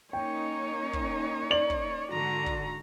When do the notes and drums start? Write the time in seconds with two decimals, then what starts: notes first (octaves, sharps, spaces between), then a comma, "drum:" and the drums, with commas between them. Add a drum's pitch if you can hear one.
0.13 A#3 C#4 D#4 C#5 G5
0.93 drum: kick
1.51 D5 F#7
1.70 drum: kick
2.11 G#2 D3 F#4 A#5
2.46 drum: kick